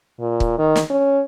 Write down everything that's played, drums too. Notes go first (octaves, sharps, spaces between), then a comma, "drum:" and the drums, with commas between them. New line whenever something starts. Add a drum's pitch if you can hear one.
A#2
drum: kick C#1
D#3
drum: snare
C#4